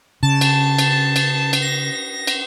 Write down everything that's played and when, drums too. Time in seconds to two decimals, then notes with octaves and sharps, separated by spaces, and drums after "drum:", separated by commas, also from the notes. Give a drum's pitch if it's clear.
0.23 C#3 A5
0.41 drum: cymbal
0.79 drum: cymbal
1.16 drum: cymbal
1.53 drum: cymbal
1.62 A#6
2.27 drum: cymbal